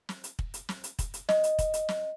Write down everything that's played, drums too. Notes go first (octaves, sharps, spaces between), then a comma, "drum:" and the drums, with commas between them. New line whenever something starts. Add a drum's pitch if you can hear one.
drum: snare
drum: hi-hat
drum: kick
drum: hi-hat
drum: snare
drum: hi-hat
drum: kick, hi-hat
drum: hi-hat
D#5, drum: snare
drum: hi-hat
drum: kick, hi-hat
drum: hi-hat
drum: snare